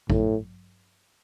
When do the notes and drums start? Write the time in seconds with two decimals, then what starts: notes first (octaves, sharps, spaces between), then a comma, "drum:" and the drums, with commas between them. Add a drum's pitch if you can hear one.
0.10 A2, drum: kick A1